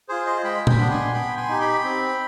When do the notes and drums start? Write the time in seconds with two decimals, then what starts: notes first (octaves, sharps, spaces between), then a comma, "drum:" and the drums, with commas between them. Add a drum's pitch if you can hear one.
0.09 F4 G#4 C5
0.26 C5 D#5
0.44 G#3 G5 B5
0.67 G5 B5, drum: tom A#2
0.79 B3 D4
0.90 G#5 C6
1.14 B3 G5 B5
1.37 G#5 C6
1.48 D#4 G4
1.61 G5 B5
1.84 C4